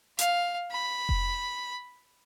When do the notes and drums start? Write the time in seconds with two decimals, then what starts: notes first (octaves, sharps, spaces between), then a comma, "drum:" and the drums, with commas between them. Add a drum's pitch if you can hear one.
0.19 F5, drum: hi-hat
0.71 B5
1.09 drum: kick F1